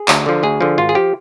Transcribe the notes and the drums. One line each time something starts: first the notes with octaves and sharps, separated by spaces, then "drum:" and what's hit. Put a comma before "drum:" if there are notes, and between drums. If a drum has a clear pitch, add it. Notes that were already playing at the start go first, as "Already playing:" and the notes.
Already playing: G#4
D2, drum: clap
D3 F3
D2 G#4
D3 F3
G#1 F4
G#4
F3 G4